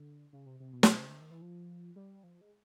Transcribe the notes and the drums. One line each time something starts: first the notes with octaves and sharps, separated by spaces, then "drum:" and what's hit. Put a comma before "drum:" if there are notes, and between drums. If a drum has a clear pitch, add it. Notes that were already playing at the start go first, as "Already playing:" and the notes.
Already playing: D3
C#3
C3
C3
B2
drum: snare
C#3
D3
D#3
E3
F3
G3
F3
G#3